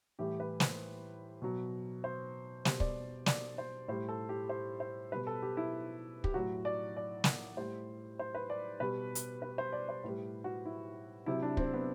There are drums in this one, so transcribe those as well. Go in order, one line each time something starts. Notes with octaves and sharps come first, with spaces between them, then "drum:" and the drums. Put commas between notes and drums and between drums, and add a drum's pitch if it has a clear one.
A2 E3 G3 G4
B4
C5, drum: snare
B2 F#3
C5
B2 G3 C5, drum: snare
D5, drum: kick
D5, drum: snare
C5
A2 G3 C5
A4
G4
C5
C5
B2 G3 B4
A4
G4
E4
G4, drum: kick
A2 F#3 F#4
D5
D5
drum: snare
A2 G3 C5
C5
B4
D5
B2 G3 B4
drum: hi-hat
B4
C5
D5
C5
A2 G3 B4
F#4
E4
C3 F#3 E4
D4
C4, drum: kick
B3